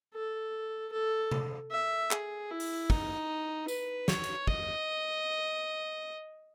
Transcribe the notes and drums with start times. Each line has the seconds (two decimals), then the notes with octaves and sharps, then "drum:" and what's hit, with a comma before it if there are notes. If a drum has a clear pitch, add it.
0.14 A4
0.92 A4
1.31 drum: tom C3
1.71 E5
2.11 G#4, drum: clap
2.51 E4
2.60 drum: open hi-hat
2.90 D#4, drum: kick
3.68 B4, drum: tambourine
4.08 C#5, drum: snare
4.24 drum: hi-hat
4.47 D#5, drum: kick